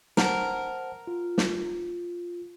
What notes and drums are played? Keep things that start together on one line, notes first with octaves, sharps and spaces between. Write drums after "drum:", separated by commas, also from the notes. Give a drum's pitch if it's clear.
A#4 C5 F#5 A5, drum: snare
F4
drum: snare